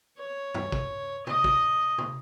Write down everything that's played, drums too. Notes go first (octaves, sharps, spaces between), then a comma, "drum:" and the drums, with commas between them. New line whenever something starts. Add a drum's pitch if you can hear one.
C#5
drum: tom G2
drum: kick
D#5, drum: tom C3
drum: kick
drum: tom C3